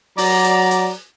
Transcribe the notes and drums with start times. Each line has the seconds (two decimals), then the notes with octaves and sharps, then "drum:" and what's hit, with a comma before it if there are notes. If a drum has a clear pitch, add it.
0.18 F#3 D5 A#5, drum: open hi-hat
0.44 drum: hi-hat
0.71 drum: hi-hat